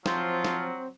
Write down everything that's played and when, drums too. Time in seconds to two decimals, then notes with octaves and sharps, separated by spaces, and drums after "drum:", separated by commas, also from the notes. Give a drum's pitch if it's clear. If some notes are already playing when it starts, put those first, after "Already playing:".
0.06 F3 F#3 C4 F4 C5 C6, drum: snare
0.45 drum: snare